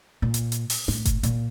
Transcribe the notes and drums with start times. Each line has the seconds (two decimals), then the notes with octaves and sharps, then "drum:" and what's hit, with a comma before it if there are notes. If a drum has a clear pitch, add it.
0.22 A#2
0.34 drum: hi-hat
0.52 drum: hi-hat
0.70 drum: open hi-hat
0.88 A2, drum: snare
1.05 drum: kick F#1, hi-hat
1.23 A#2, drum: hi-hat